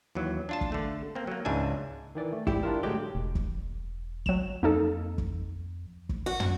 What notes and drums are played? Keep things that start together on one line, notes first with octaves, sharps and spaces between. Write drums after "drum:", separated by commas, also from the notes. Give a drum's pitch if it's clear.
D#2 E3 F#3
D4 F4 A5
drum: kick
D3 A3
A#3 C4
F#3 A#3
C#2 G#2 D4 E5 G#5
D#3 E3 D5
A3
G#2 E4 G4 D5, drum: kick
D4 E4 F4 A#4
A2 D3 F#3 G#3 G4
E1
drum: kick
F#3 E7, drum: kick
F2 A#3 D#4 A4
drum: kick
drum: kick
F#4
drum: tom